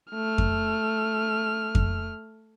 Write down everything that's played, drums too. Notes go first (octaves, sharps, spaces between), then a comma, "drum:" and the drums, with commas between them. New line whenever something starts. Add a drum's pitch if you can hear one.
A3 F6
drum: kick F2
drum: kick F2